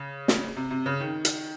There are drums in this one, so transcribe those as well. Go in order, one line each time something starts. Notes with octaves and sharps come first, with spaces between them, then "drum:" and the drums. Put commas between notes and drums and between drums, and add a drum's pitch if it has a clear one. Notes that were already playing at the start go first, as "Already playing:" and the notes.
Already playing: C#3
drum: snare
C3
C3
C#3
D#3
drum: hi-hat